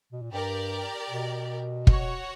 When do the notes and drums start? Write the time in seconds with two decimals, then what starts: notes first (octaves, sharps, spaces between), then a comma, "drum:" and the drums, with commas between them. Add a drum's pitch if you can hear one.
0.12 B2
0.22 A#2
0.32 G2 G4 A#4 D5
1.10 B2
1.87 F#4 C#5 F#5, drum: kick